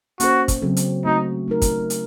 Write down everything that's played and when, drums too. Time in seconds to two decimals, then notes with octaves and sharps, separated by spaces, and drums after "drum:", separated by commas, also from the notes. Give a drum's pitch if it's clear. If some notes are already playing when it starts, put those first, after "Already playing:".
0.20 A#3 C#4 F#4 A4 C5, drum: hi-hat
0.48 drum: kick, hi-hat
0.62 C#3 F#3 C4 F#4 A4
0.77 drum: hi-hat
1.05 A3 C4 D#4 F#4
1.48 A3 D#4 A#4
1.62 drum: kick, hi-hat
1.90 drum: hi-hat